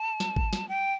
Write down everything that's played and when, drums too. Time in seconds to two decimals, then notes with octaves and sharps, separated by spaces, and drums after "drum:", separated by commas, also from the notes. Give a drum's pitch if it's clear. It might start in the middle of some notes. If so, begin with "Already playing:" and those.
Already playing: A5
0.20 drum: snare
0.36 drum: kick G#1
0.53 drum: snare
0.69 G5